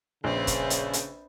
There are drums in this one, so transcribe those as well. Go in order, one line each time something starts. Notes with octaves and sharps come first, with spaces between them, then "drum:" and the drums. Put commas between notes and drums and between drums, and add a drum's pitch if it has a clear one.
A#1 C#3 C4 B4
drum: kick, hi-hat
drum: hi-hat
drum: hi-hat